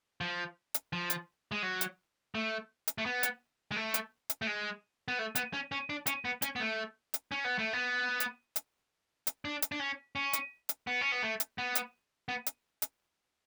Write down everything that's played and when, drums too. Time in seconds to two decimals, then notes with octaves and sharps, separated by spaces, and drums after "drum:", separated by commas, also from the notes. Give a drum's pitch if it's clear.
0.21 F3
0.74 drum: hi-hat
0.93 F3
1.10 drum: hi-hat
1.52 G#3
1.63 F#3
1.81 drum: hi-hat
2.35 A3
2.87 drum: hi-hat
2.98 A3
3.06 B3
3.23 drum: hi-hat
3.71 G#3
3.76 A3
3.94 drum: hi-hat
4.30 drum: hi-hat
4.42 A3
4.47 G#3
5.08 B3
5.19 A3
5.35 B3, drum: hi-hat
5.54 C#4
5.72 C#4
5.90 D4
6.07 C#4, drum: hi-hat
6.25 B3
6.42 C#4, drum: hi-hat
6.56 B3
6.60 A3
7.14 drum: hi-hat
7.32 C#4
7.44 B3
7.59 A3
7.73 B3
8.20 drum: hi-hat
8.56 drum: hi-hat
9.27 drum: hi-hat
9.45 D4
9.62 drum: hi-hat
9.72 D4
9.80 C#4
10.16 C#4
10.33 drum: hi-hat
10.69 drum: hi-hat
10.87 B3
11.01 C#4
11.12 B3
11.23 A3
11.40 drum: hi-hat
11.58 B3
11.75 drum: hi-hat
12.29 B3
12.46 drum: hi-hat
12.82 drum: hi-hat